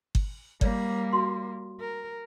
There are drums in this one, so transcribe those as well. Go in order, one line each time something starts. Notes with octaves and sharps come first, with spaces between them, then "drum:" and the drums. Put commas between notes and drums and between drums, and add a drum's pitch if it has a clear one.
drum: kick G1
G3 A#3 C#5 D5, drum: kick G1
F#4 C6
A#4